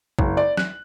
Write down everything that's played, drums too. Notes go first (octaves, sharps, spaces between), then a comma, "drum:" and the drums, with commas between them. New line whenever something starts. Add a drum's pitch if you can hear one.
F#1, drum: kick A#1
D5
F#6, drum: snare